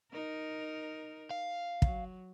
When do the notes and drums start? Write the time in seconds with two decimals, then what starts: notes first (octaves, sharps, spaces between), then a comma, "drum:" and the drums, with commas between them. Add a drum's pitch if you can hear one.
0.12 D#4 A#4
1.31 F5
1.82 F#3, drum: kick